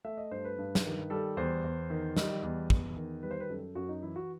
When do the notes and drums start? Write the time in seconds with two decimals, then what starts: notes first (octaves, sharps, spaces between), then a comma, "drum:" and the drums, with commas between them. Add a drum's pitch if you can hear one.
0.04 A3 E5
0.17 D#5
0.31 G2 C5
0.45 B4
0.58 G2
0.75 drum: snare
0.84 D#3
1.10 G3 A4
1.37 E2 C5
1.64 E2
1.90 D#3
2.17 G3 D#5, drum: snare
2.43 E2
2.70 E2, drum: kick
2.96 D#3
3.23 G3 B4
3.31 C5
3.40 B4
3.49 F#2 A4
3.75 F#2 F#4
3.89 D#4
4.02 E3 E4
4.16 F#4